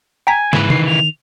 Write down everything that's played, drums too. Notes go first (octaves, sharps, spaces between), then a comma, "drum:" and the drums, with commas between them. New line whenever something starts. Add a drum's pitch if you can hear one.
G5 G#5 A#5 B6
G#2 C#3 E3 B4, drum: snare
D#3 C7, drum: tom C3
F7